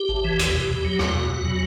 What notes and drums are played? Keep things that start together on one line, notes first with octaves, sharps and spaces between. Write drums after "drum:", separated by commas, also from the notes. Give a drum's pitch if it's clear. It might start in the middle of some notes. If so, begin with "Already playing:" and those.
Already playing: G4
A1
E3
E2, drum: hi-hat
B2
E2
F#3
E2 F#4, drum: rim click
B2
E2
F#3